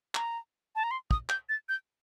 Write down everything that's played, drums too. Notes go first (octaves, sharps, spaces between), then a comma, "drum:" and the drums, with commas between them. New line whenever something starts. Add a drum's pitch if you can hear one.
A#5, drum: clap
A5
A#5
C6
D#6, drum: kick
G6, drum: clap
A6
G6